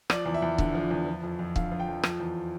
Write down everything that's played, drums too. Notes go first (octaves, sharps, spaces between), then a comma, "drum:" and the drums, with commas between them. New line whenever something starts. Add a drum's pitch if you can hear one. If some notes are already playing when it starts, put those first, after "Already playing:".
F3 D5, drum: rim click
E2
E5
E2
D3, drum: kick C#1
F3
E2
F3
F2
F2
D3 F5, drum: kick C#1
F3
G5
F2
F3, drum: rim click
E2